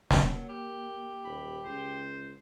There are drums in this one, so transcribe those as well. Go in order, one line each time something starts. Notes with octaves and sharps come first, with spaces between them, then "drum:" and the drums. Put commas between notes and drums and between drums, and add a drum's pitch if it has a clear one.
F#3 A#3, drum: snare
G4
D#1 B5
C#2 C5